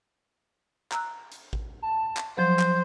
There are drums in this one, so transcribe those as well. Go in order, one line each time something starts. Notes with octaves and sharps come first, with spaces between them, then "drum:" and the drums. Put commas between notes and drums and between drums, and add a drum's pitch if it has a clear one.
A#5 E6 F#6, drum: clap
drum: hi-hat
drum: kick A1
A5
drum: clap
F3 F#3 C5 G6
drum: clap